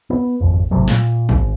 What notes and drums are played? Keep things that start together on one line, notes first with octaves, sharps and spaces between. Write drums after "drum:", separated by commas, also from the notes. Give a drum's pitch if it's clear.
B3
G#1 F2
A1 A2 C3 F#3
A#2, drum: snare
G#1, drum: kick